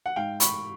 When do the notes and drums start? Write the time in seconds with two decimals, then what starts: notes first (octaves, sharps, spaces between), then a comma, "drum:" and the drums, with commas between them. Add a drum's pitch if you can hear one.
0.06 F#5
0.16 G#2 F5 G5
0.40 B5 C#6, drum: hi-hat